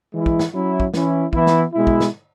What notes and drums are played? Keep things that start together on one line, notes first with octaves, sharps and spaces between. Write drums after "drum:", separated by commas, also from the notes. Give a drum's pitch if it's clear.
E3 G#3 E4
drum: kick
drum: snare
F#3 C#4 E4
drum: kick
E3 C#4 E4, drum: snare
E3 B3 E4, drum: kick
drum: snare
B2 G#3 E4
drum: kick
drum: snare